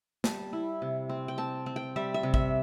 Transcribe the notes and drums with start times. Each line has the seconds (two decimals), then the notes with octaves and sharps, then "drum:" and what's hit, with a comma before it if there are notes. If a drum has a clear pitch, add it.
0.24 G3 A5, drum: snare
0.53 E4
0.82 C3
1.10 C4
1.28 G5
1.38 C4 A5
1.66 C4
1.76 G5
1.96 G3 E5
2.14 E5
2.23 C3
2.34 E5, drum: kick